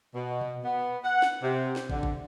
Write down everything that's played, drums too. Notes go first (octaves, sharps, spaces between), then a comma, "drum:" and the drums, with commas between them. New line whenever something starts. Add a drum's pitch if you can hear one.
B2
drum: tom A#2
B3
F#5
drum: snare
C3
drum: snare
D3, drum: kick
drum: kick